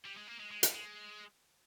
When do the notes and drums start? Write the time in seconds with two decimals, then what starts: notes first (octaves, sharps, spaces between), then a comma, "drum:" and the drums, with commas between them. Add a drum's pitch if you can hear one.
0.05 G3
0.17 G#3
0.28 A#3
0.40 G#3
0.51 G#3
0.63 G3, drum: hi-hat
0.74 G#3